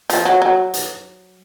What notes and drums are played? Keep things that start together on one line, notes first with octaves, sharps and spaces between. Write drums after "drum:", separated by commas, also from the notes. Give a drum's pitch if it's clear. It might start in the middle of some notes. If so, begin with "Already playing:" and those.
F3, drum: hi-hat
F#3
F#3
drum: hi-hat